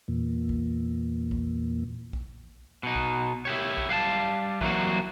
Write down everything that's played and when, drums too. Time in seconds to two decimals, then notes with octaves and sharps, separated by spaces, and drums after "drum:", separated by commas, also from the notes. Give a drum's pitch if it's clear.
0.08 E2 A#2
0.49 drum: kick A#1
1.31 drum: kick A#1
2.13 drum: kick A#1
2.83 B2 D#4
2.95 drum: kick A#1
3.45 E4 G4 C#5
3.78 drum: kick A#1
3.89 G3 F5 F#5 A5
4.61 E3 F#3 G3 A#3 C4 F#4, drum: kick A#1